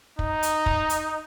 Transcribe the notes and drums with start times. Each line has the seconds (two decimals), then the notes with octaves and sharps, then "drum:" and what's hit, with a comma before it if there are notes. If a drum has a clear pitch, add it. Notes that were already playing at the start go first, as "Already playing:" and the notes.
0.19 D#4, drum: kick
0.43 drum: hi-hat
0.66 drum: kick
0.90 drum: hi-hat